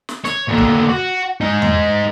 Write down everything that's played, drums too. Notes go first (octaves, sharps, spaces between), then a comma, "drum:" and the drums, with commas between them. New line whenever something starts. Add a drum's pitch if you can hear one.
drum: snare
C#5, drum: snare
D#2 D3
drum: kick
F#4
G#3 D#4
drum: tom E2